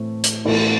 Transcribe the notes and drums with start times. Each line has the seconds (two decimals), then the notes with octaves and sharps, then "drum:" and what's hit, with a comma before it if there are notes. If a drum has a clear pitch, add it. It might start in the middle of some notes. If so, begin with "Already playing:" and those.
Already playing: A2 E3 A3 C4
0.24 drum: hi-hat
0.45 A2 E3 A3, drum: cymbal